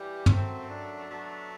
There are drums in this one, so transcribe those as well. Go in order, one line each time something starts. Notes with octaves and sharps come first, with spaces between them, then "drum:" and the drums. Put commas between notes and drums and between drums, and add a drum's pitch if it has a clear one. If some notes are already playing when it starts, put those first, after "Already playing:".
Already playing: E3 G3 G4
F#2 F#3 A3 C4, drum: tom
D4
B2 F#3 A3